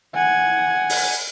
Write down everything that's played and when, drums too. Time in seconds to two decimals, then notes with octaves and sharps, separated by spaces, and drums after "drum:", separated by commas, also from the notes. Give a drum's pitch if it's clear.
0.15 F#5 G#5
0.89 drum: open hi-hat